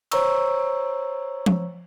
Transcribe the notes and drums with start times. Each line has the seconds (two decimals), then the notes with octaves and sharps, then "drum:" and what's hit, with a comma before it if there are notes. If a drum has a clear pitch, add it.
0.12 C5 C#5 A#5 C#6 E6, drum: cymbal
1.46 drum: tom